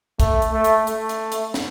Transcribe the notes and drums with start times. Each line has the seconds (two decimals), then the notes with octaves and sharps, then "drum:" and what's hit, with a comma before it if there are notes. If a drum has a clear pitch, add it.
0.20 A3, drum: kick, hi-hat
0.42 drum: hi-hat
0.53 A3
0.64 drum: hi-hat
0.87 A3, drum: hi-hat
1.09 drum: hi-hat
1.32 drum: hi-hat
1.54 drum: snare